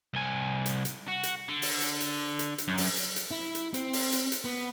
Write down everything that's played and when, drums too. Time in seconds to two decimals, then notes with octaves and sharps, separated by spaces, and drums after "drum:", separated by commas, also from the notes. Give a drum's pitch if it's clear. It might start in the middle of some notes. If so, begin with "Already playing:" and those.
0.14 C2 G#5
0.66 drum: hi-hat
0.85 drum: hi-hat
1.08 F#4
1.23 drum: hi-hat
1.49 D3
1.62 drum: open hi-hat
1.81 drum: hi-hat
2.00 drum: hi-hat
2.39 drum: hi-hat
2.58 drum: hi-hat
2.68 F#2
2.78 drum: open hi-hat
2.97 drum: hi-hat
3.16 drum: hi-hat
3.31 E4
3.55 drum: hi-hat
3.74 C4, drum: hi-hat
3.93 drum: open hi-hat
4.12 drum: hi-hat
4.32 drum: hi-hat
4.45 B3